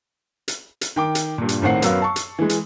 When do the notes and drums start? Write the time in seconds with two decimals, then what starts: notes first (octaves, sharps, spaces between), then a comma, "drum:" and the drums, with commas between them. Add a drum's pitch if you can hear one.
0.48 drum: hi-hat
0.81 drum: hi-hat
0.96 D#3 G5 D6
1.15 drum: hi-hat
1.38 G2 A#2
1.49 drum: hi-hat
1.62 A#1 A2 D#3 C4 F#5 C7
1.82 F#2 F#3 B3 A#4 F5 E6, drum: hi-hat
2.02 A5 C#6
2.16 drum: hi-hat
2.39 E3 G#3
2.49 drum: hi-hat